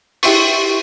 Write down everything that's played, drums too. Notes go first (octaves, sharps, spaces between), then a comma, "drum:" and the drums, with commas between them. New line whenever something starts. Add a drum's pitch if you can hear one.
E4 G4 E5 C6 C#6, drum: open hi-hat